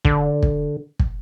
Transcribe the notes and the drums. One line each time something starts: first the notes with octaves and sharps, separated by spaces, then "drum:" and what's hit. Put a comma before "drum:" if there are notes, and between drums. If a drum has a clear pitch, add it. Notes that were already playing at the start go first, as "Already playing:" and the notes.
D3, drum: kick
drum: kick
drum: kick